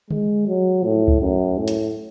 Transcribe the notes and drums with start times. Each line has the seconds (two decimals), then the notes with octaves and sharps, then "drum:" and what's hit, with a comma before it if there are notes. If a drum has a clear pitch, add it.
0.11 G#3, drum: tom D3
0.48 F#3
0.84 A2
1.08 drum: kick C#2
1.21 F#2
1.58 A2
1.68 drum: hi-hat